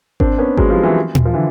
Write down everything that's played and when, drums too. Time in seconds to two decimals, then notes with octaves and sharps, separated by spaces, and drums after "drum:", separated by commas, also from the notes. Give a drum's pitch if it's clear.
0.20 C4 D4, drum: kick G#1
0.38 B3 C#4
0.57 F#3 G#3, drum: kick G#1
0.70 F3 G3
0.83 E3 F#3
1.15 drum: tom A#2
1.25 F3
1.34 D3 E3